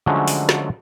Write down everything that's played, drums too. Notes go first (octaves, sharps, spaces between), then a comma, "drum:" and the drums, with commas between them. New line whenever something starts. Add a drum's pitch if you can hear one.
D3 F3 F#3 G#3 A3 C#4
drum: open hi-hat
drum: snare